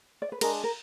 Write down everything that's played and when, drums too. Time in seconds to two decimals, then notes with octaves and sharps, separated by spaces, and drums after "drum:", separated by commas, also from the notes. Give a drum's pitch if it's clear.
0.22 D5
0.32 B4
0.41 G#3 D4 G#4 A#4, drum: cymbal
0.64 A#4